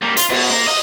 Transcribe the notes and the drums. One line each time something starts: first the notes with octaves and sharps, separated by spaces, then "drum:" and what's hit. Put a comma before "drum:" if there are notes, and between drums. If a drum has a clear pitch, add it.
G3 A#3
F4, drum: hi-hat
B2, drum: cymbal
A#3 A#4
D#5